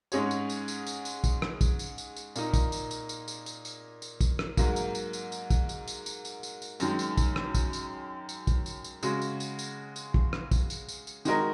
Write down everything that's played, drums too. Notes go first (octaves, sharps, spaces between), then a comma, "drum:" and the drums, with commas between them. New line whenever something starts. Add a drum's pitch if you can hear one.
G#2 G#3 C#4 G#4 C#5, drum: tambourine
drum: tambourine
drum: tambourine
drum: tambourine
drum: tambourine
drum: tambourine
drum: kick, tambourine
drum: rim click
drum: kick, tambourine
drum: tambourine
drum: tambourine
drum: tambourine
A#2 A#3 D#4, drum: tambourine
drum: kick, tambourine
drum: tambourine
drum: tambourine
drum: tambourine
drum: tambourine
drum: tambourine
drum: tambourine
drum: tambourine
drum: kick, tambourine
drum: rim click
G#2 F#3 A#3, drum: kick, tambourine
drum: tambourine
drum: tambourine
drum: tambourine
drum: tambourine
drum: kick, tambourine
drum: tambourine
drum: tambourine
drum: tambourine
drum: tambourine
drum: tambourine
drum: tambourine
F#2 D#3 G#3, drum: tambourine
drum: tambourine
drum: kick, tambourine
drum: rim click
drum: kick, tambourine
drum: tambourine
drum: tambourine
drum: kick, tambourine
drum: tambourine
drum: tambourine
C#3 G#3 F#4, drum: tambourine
drum: tambourine
drum: tambourine
drum: tambourine
drum: tambourine
drum: kick
drum: rim click
drum: kick, tambourine
drum: tambourine
drum: tambourine
drum: tambourine
D#3 G#3 F#4 A#4 D#5, drum: tambourine